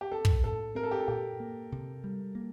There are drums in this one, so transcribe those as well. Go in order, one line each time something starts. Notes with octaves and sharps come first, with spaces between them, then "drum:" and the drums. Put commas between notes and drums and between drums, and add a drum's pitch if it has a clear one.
G4
C4 A4
drum: kick
A2 A4
C4 A#4
A4
G4
A4
A#2 G4
A#3
C3
G3
A#3